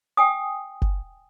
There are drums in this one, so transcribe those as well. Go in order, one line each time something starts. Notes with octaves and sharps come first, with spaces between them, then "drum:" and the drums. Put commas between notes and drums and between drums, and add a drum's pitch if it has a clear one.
G5 G#5 D#6
drum: kick F#1